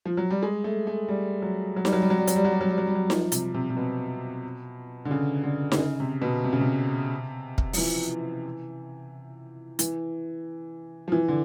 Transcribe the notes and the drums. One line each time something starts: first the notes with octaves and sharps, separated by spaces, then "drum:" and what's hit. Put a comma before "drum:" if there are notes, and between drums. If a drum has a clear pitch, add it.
F3
F#3
G3
G#3
A3
A3
G3
F#3
F#3
G3, drum: snare D#4
F#3
G3
F#3
G3
F#3, drum: hi-hat
G3
F#3
G3
F#3
G3
F#3
G3
F#3
F3, drum: snare D#4
C3, drum: hi-hat
C3
C3
B2
D3
C#3
D3
D3, drum: snare D#4
C#3
C3
B2
C3
C#3
C3
drum: kick
F3, drum: open hi-hat
E3
E3, drum: hi-hat
F3
E3
D3